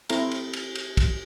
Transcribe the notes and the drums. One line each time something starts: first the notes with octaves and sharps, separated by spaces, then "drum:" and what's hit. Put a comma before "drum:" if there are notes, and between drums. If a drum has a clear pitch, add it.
C4 E4 A4 A#5, drum: cymbal
drum: cymbal
drum: cymbal
drum: cymbal
drum: kick, cymbal